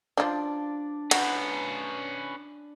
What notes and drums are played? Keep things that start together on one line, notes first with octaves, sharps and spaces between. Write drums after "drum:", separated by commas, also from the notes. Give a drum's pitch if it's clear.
F3 D4 F4 D5
C#4 F#4 B4, drum: cymbal